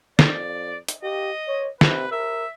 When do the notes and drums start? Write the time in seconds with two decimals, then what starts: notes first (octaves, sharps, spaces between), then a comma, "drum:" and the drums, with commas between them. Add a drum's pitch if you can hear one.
0.19 F2 D5, drum: snare
0.88 drum: hi-hat
1.03 G4 D#5
1.48 C#5
1.81 C3 B4, drum: snare
2.11 A#4 E5